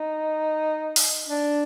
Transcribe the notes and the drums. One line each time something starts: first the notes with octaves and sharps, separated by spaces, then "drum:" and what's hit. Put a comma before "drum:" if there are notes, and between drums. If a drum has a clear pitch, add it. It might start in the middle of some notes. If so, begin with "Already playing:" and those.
Already playing: D#4
drum: open hi-hat
D4